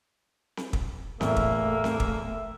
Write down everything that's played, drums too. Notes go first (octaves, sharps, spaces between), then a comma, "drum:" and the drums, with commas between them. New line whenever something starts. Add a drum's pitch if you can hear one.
drum: snare C4
drum: kick
E2 A2 A3 A#3 E5, drum: snare C4
drum: kick
drum: snare C4
drum: kick